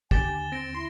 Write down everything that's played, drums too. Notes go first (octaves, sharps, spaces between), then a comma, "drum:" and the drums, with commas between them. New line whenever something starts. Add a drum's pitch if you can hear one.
D#2 D3 G4 G#5 A6 E7 G7, drum: kick
C4 A6 A#6 D7
E4 C6